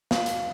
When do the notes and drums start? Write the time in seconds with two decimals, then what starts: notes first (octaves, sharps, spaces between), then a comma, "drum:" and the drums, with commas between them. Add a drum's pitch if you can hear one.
0.11 F5, drum: snare
0.26 drum: hi-hat